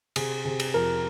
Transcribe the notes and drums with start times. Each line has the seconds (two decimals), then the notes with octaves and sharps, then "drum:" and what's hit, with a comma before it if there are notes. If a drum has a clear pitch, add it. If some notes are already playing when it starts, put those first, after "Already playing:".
0.16 C3 G#4, drum: cymbal
0.45 C3 G#4
0.60 drum: cymbal
0.74 F2 A#4